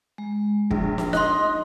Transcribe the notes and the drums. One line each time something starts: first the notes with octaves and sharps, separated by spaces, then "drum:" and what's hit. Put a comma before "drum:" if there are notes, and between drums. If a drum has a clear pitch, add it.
G#3
A#1, drum: kick
drum: snare
D#4 D#5 C6 F#6, drum: snare